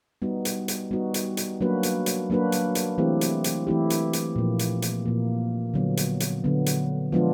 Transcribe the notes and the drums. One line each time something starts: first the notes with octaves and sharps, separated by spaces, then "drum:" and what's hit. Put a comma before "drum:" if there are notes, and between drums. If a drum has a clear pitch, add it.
G3 B3 D#4 F#4
drum: hi-hat
drum: hi-hat
G3 B3 D#4 F#4
drum: hi-hat
drum: hi-hat
F#3 A#3 D4 F#4 B4
drum: hi-hat
drum: hi-hat
F#3 A#3 D4 F#4 B4
drum: hi-hat
drum: hi-hat
E3 A3 C4 E4 G4
drum: hi-hat
drum: hi-hat
E3 A3 C4 E4 G4
drum: hi-hat
drum: hi-hat
A#2 F3 A#3
drum: hi-hat
drum: hi-hat
A#2 F3 A#3
D3 F#3 B3
drum: hi-hat
drum: hi-hat
D3 F#3 B3
drum: hi-hat
F3 G#3 B3 D4 F4